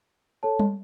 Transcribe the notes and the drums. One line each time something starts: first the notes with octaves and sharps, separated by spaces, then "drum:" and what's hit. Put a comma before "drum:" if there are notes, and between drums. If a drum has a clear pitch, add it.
A4 C#5 A5
drum: tom G3